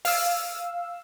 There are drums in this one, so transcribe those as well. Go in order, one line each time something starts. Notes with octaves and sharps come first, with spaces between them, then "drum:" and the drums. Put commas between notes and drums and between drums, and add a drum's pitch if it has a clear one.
F5 E6, drum: open hi-hat